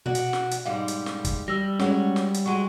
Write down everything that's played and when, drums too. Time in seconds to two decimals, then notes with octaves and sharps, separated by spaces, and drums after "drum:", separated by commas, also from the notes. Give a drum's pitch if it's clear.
0.06 B2 F#4 D5 F#5
0.15 drum: hi-hat
0.33 drum: snare
0.51 drum: hi-hat
0.65 G#2 G3 G#3 F5
0.88 drum: hi-hat
1.06 drum: snare
1.25 drum: kick, hi-hat
1.48 G3 E6 A#6
1.79 F#3 G#3 C#4 C#5, drum: snare
2.16 drum: snare
2.34 drum: hi-hat
2.46 F#3 G#3 F#4 C#6